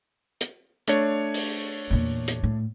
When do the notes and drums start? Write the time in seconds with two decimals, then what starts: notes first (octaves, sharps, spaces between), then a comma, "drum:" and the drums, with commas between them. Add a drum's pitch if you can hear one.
0.41 drum: hi-hat
0.88 A3 D4 C#5, drum: hi-hat
1.34 drum: open hi-hat
1.90 E2 A#2
2.28 drum: hi-hat
2.44 A2